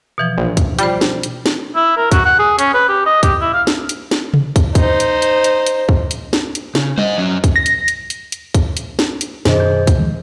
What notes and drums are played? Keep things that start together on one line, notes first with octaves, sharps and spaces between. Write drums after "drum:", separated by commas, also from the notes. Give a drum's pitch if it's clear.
B2 E3 F3
A#1
drum: kick, hi-hat
G3 F4 C5, drum: hi-hat
drum: snare
drum: hi-hat
drum: snare
E4
A#4
F#4, drum: kick, hi-hat
F#5
G#4
C#4, drum: hi-hat
B4
G4
D#5
G4, drum: kick, hi-hat
E4
F5
drum: snare
drum: hi-hat
drum: snare
drum: tom C3
drum: kick, hi-hat
D#4 C5, drum: kick, hi-hat
drum: hi-hat
drum: hi-hat
drum: hi-hat
drum: hi-hat
drum: kick
drum: hi-hat
drum: snare
drum: hi-hat
C#3, drum: snare
C5 D#5, drum: tom G3
F#3 C#4
drum: kick, hi-hat
A#6
drum: hi-hat
drum: hi-hat
drum: hi-hat
drum: hi-hat
drum: kick, hi-hat
drum: hi-hat
drum: snare
drum: hi-hat
F#2 B2 D#3 G#4 C5 D#5, drum: snare
G6
drum: kick, hi-hat
D#3 F3 G#3